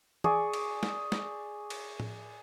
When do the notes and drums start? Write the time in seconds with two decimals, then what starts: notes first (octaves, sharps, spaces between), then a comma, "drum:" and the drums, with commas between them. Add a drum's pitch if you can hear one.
0.24 G#4 D5 C#6, drum: tom
0.53 drum: cymbal
0.83 drum: snare
1.12 drum: snare
1.70 drum: cymbal
2.00 drum: tom A2